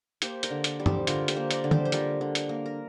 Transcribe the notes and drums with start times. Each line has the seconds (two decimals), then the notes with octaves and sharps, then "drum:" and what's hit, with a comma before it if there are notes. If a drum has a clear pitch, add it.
0.22 A#3 G4 C5, drum: hi-hat
0.43 A#4 D5, drum: hi-hat
0.50 D3
0.64 A#4 D5, drum: hi-hat
0.80 G3
0.86 G4 C5, drum: tom
1.07 D3 F4 A#4, drum: hi-hat
1.28 G4 C5, drum: hi-hat
1.36 A#3
1.51 A#4 D5, drum: hi-hat
1.64 D3
1.71 G4 C5, drum: tom
1.85 C5
1.92 G3 F4 A#4, drum: hi-hat
2.21 D3
2.35 drum: hi-hat
2.49 A#3
2.66 A#4